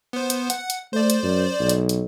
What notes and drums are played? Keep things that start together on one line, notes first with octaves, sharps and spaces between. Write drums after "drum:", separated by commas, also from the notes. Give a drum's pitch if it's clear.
B3 C5
drum: hi-hat
F#5, drum: hi-hat
drum: hi-hat
A3 C5 D5
drum: hi-hat
F#2
B1
drum: hi-hat
drum: hi-hat